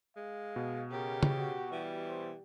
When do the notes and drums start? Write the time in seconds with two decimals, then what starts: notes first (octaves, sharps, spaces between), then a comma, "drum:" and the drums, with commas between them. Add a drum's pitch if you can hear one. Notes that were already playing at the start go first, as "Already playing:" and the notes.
0.16 G#3 F5
0.56 B2
0.91 C#3 G4 A#4
1.23 drum: tom C#3
1.39 F#4
1.72 E3 G3
2.09 C5